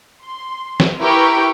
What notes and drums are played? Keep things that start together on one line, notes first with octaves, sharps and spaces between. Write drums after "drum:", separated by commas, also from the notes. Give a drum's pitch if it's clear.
C6
drum: snare
E4 G4 A#4 B4 G5 C#6